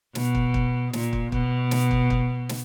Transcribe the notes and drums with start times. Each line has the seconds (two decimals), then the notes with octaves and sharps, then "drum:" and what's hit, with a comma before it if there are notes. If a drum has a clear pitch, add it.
0.15 B2, drum: snare
0.35 drum: kick
0.54 drum: kick
0.93 A#2, drum: snare
1.13 drum: kick
1.32 B2, drum: kick
1.71 drum: snare
1.91 drum: kick
2.10 drum: kick
2.49 drum: snare